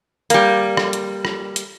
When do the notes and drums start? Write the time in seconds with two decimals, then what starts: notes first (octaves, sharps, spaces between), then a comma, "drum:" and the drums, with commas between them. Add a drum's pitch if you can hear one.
0.30 G3 A#3, drum: hi-hat
0.77 drum: rim click
0.93 drum: hi-hat
1.25 drum: rim click
1.56 drum: hi-hat